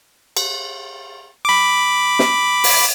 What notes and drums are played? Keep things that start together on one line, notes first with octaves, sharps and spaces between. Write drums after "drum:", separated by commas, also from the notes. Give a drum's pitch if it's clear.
drum: cymbal
B5 D6
drum: snare
drum: open hi-hat